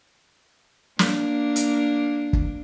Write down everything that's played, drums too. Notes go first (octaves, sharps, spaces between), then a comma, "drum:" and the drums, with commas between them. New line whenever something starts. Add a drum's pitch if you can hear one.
A#3 D4, drum: snare
drum: hi-hat
drum: kick